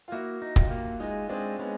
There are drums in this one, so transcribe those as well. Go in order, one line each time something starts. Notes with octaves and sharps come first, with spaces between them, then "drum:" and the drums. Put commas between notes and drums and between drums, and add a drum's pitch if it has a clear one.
F4
A#3 E4 F#4
D#4
F4 G4, drum: kick
A#3
G#3 D#4 F4
G#3 C4 D4
G#3 B3 C#4